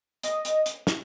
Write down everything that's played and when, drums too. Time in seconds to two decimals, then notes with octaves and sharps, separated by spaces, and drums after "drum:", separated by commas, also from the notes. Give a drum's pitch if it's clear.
0.23 D#5, drum: hi-hat
0.45 drum: hi-hat
0.66 drum: hi-hat
0.87 drum: snare